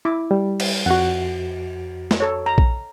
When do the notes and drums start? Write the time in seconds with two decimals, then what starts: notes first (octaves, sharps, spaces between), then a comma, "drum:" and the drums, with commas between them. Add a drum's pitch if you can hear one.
0.05 E4 D6
0.31 G3
0.60 drum: cymbal
0.86 F2 F#4 F#5
2.11 drum: snare
2.20 A4 C#5
2.46 A#5
2.58 drum: kick A#1